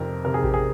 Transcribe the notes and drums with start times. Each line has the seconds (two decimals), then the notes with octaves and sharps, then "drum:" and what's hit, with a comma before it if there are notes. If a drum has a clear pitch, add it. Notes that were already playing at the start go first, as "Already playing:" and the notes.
Already playing: F2 C3 A#4
0.25 C3 A#4
0.34 G#4
0.44 G4, drum: kick A1
0.54 G#4